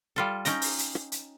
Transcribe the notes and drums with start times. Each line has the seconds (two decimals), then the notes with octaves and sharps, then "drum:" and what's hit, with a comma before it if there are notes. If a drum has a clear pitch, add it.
0.16 G3 F4 A4
0.45 C#4 D#4 G5 A#5, drum: hi-hat
0.62 drum: open hi-hat
0.78 drum: hi-hat
0.95 drum: rim click
1.12 drum: hi-hat